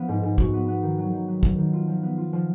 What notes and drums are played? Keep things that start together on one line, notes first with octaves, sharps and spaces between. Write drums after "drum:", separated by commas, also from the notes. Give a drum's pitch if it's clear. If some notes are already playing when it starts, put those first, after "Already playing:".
Already playing: F3 B3
G#2
G#2
F#4, drum: kick
B3
B3
D#3
F#3
D#3
B3
B3, drum: kick
D#3
F4
F3
B3
F4
F3